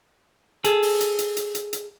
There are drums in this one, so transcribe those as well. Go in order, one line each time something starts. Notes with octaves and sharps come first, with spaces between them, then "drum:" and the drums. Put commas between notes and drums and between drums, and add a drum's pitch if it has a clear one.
G#4 A4, drum: hi-hat
drum: open hi-hat
drum: hi-hat
drum: hi-hat
drum: hi-hat
drum: hi-hat
drum: hi-hat